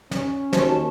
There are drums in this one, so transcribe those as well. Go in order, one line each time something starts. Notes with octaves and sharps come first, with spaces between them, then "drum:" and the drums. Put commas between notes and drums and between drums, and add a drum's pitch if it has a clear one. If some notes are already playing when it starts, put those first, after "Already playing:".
C#4, drum: snare
D#2 F#4 C5 A5, drum: snare